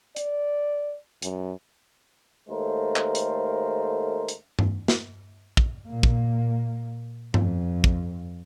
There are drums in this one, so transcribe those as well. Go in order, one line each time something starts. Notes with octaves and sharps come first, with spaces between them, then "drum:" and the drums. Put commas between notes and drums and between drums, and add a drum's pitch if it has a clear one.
D5, drum: hi-hat
F#2, drum: hi-hat
D#2 G#3 A3 A4 A#4 C5
drum: clap
drum: hi-hat
drum: hi-hat
drum: tom G2
drum: snare
drum: kick
A#2 A#3
drum: kick
F2, drum: tom G2
drum: kick